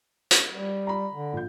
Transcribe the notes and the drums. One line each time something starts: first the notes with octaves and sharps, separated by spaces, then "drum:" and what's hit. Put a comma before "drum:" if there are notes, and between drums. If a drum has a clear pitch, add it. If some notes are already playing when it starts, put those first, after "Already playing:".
drum: hi-hat
G3
A#5 B5
D3
A#1 G6